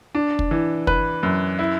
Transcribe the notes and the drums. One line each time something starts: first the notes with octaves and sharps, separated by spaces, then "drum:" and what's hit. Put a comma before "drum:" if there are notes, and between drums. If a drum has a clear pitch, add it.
D4
drum: kick
E3
B4, drum: kick
F#2
E4